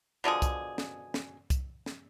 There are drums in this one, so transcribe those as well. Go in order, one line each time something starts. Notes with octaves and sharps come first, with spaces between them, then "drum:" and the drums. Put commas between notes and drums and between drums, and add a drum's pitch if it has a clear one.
B2 D3 F3 G#4
drum: kick C2, hi-hat
drum: snare
drum: snare
drum: kick C2, hi-hat
drum: snare